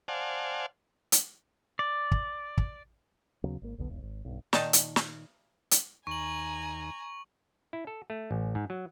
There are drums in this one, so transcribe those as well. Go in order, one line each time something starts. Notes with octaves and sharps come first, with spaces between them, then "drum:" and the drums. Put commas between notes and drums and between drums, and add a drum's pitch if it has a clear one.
C5 D5 F5 F#5 G#5 A5
drum: hi-hat
D5
drum: kick
drum: kick
D#2 C#3 F#3 B3
G#1 A#3
E1 B1 D3 B3
E1 B1
G#1
B1 G2
A#2 D#3 D#4 A5, drum: snare
drum: hi-hat
drum: snare
drum: hi-hat
D#2 G#5 A#5 C#6 F#7
E4
A4
A3
A1
G#2
F#3